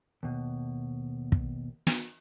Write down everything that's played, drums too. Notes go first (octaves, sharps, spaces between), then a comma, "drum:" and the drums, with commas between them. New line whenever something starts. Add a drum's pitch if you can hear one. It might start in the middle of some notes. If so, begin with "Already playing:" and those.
D#2 B2
drum: kick
drum: snare